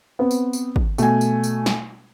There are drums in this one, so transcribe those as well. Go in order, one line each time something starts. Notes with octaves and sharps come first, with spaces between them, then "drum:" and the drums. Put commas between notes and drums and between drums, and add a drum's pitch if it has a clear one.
B3 C4 B4
drum: tambourine
drum: tambourine
drum: kick
B2 A3 G#5, drum: tambourine
drum: tambourine
drum: tambourine
drum: snare